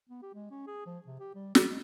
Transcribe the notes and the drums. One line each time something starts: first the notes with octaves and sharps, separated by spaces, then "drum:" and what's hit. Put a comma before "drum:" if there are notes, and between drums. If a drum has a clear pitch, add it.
B3
G4
G#3
C#4
G#4
F3
C3
G4
G3
F#3, drum: snare
G#3